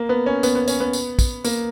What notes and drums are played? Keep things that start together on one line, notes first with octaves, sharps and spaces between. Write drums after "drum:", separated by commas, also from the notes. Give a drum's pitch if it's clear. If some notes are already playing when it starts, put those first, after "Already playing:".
Already playing: A#3
B3
C#4
B3, drum: tambourine
B3
C#4, drum: tambourine
B3
drum: tambourine
drum: kick, tambourine
A#3, drum: tambourine